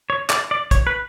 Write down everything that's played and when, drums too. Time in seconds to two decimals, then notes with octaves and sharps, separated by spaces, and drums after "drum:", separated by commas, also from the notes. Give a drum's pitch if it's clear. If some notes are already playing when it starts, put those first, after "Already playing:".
0.10 C#5
0.30 D5, drum: clap
0.51 D5
0.71 C#5, drum: kick, hi-hat
0.87 B4